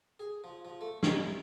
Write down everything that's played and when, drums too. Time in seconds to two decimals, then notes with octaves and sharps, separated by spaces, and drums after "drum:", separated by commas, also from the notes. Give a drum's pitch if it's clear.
0.20 G#4
0.44 F3
0.65 F3
0.81 A3
1.03 D#4, drum: snare
1.27 E4